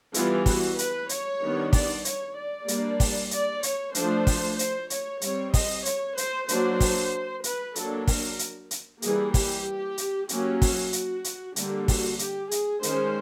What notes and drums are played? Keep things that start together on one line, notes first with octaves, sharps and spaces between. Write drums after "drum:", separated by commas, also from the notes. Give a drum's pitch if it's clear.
E3 G3 B3 F4, drum: hi-hat
F#4, drum: kick, open hi-hat
B4, drum: hi-hat
C#5, drum: hi-hat
D#3 G3 B3 D4
D5, drum: kick, open hi-hat
C#5, drum: hi-hat
D5
G3 A#3 D4, drum: hi-hat
drum: kick, open hi-hat
D5, drum: hi-hat
C#5, drum: hi-hat
F3 A3 D4 C5, drum: hi-hat
drum: kick, open hi-hat
C5, drum: hi-hat
C#5, drum: hi-hat
G3 C4 C#5, drum: hi-hat
D#5, drum: kick, open hi-hat
C#5, drum: hi-hat
C5, drum: hi-hat
F#3 A#3 D4 C5, drum: hi-hat
drum: kick, open hi-hat
B4, drum: hi-hat
F#3 A#3 D4 A4, drum: hi-hat
A#4, drum: kick, open hi-hat
drum: hi-hat
drum: hi-hat
E3 G3 A#3 G#4, drum: hi-hat
G4, drum: kick, open hi-hat
drum: hi-hat
F#3 A#3 C#4 G4, drum: hi-hat
F#4, drum: kick, open hi-hat
drum: hi-hat
drum: hi-hat
D3 G3 A#3 G4, drum: hi-hat
F#4, drum: kick, open hi-hat
G4, drum: hi-hat
G#4, drum: hi-hat
D#3 G#3 C#4 C5, drum: hi-hat